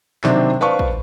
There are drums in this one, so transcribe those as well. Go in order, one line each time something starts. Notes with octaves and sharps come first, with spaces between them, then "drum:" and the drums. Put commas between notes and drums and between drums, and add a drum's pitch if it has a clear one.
C3 D#3 F#3 C4 D4, drum: clap
B4 C5 D5 F5 A5 C#6
drum: kick